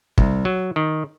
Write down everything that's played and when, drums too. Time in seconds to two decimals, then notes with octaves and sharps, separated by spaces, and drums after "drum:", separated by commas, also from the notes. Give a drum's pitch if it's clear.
0.18 C2, drum: kick
0.45 F#3
0.76 D#3